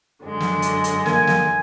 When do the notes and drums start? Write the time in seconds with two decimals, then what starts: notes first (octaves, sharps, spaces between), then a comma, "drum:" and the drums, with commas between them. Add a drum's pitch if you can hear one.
0.24 F#2 D3 G#3
0.41 drum: snare
0.62 drum: hi-hat
0.84 drum: hi-hat
1.06 A#3 G#5, drum: snare
1.27 drum: snare